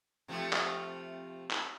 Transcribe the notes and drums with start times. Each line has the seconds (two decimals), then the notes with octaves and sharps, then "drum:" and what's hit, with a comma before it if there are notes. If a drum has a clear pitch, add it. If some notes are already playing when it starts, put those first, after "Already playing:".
0.28 C3 F3 A3
0.53 drum: clap
1.51 drum: clap